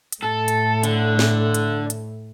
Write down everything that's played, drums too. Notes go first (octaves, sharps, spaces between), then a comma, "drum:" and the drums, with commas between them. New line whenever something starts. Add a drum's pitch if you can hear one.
drum: hi-hat
A2 A4
drum: hi-hat
D3, drum: hi-hat
drum: snare
drum: hi-hat
drum: hi-hat